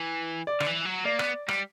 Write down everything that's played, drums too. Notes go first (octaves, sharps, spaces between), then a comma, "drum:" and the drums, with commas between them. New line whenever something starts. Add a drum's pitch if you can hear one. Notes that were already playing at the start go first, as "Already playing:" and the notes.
Already playing: E3
D5
D3, drum: rim click
E3
F#3
A#3 D5
B3, drum: rim click
G3, drum: rim click